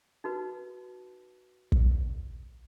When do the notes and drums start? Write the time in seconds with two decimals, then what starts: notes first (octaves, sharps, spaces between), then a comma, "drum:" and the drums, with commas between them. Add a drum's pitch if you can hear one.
0.24 D#4 F#4 B4
1.72 drum: kick